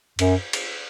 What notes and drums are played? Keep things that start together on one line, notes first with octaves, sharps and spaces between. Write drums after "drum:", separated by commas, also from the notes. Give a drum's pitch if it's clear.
F#2, drum: cymbal
drum: cymbal